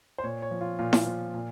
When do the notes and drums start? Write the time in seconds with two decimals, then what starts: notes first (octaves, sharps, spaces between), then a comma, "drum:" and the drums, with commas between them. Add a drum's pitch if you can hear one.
0.18 C5
0.24 A#2 C#5
0.42 C#5
0.51 F3
0.61 F4
0.79 A#2 F4
0.93 drum: snare E4
1.07 F3
1.34 A#2